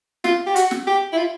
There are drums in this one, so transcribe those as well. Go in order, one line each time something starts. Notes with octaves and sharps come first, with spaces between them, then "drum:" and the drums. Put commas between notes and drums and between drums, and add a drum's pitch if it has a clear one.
F4, drum: snare
G4
F#4, drum: hi-hat
drum: snare
G4
E4
F4